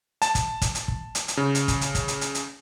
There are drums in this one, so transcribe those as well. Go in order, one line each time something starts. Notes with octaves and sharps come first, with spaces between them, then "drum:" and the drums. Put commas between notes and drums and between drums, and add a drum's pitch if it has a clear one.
A5, drum: hi-hat
drum: kick, hi-hat
drum: kick, hi-hat
drum: hi-hat
drum: kick
drum: hi-hat
drum: hi-hat
C#3
drum: hi-hat
drum: kick, hi-hat
drum: hi-hat
drum: kick, hi-hat
drum: hi-hat
drum: hi-hat
drum: hi-hat